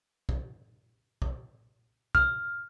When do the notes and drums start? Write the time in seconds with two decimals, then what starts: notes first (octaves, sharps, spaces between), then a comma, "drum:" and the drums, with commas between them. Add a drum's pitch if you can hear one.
0.29 drum: kick
1.22 drum: kick
2.15 F6, drum: kick